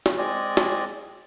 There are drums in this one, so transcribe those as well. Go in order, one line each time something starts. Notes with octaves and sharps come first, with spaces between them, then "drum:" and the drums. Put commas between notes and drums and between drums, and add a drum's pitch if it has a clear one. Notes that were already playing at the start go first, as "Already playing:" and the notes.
drum: snare
G#3 C4 D5 D#5 G#5
drum: snare